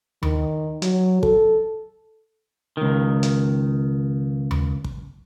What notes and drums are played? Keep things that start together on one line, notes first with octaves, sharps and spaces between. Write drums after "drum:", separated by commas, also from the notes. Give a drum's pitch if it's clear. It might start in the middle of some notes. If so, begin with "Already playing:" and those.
D#3, drum: tom D#2
F#3, drum: hi-hat
A4, drum: kick
C#2 D#3
drum: hi-hat
drum: tom D#2
drum: kick